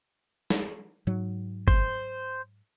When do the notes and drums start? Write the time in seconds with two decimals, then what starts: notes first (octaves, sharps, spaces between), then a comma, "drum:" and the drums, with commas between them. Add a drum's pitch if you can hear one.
0.50 drum: snare
1.07 G#2 F#3
1.68 C5, drum: kick